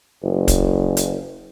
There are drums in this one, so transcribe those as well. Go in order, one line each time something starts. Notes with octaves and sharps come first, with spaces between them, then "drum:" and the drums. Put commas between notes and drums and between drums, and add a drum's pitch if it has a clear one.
F#1
drum: kick, hi-hat
drum: hi-hat